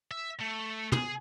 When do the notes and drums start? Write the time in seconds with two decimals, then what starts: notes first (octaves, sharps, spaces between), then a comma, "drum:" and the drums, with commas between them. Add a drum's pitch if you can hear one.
0.11 E5
0.40 A3
0.92 G#4, drum: tom